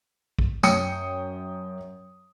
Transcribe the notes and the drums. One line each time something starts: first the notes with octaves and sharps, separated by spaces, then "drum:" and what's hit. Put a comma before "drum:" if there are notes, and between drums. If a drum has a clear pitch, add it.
drum: kick
F#2 C#5 G5 D#6 C#7, drum: tambourine